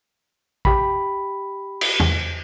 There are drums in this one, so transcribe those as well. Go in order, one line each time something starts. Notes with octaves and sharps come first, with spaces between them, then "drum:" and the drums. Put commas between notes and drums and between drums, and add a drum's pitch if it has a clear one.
G4 B5, drum: kick A1
drum: cymbal
drum: tom E2